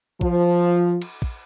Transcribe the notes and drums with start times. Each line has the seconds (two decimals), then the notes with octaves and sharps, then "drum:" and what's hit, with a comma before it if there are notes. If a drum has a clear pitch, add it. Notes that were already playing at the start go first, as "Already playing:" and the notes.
0.21 F3, drum: kick
1.02 drum: cymbal
1.22 drum: kick